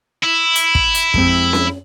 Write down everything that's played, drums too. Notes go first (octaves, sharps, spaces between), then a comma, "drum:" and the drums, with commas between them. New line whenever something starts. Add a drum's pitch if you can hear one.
E4
drum: hi-hat
drum: kick
drum: hi-hat
F2 G#3 C4, drum: kick
drum: snare C#4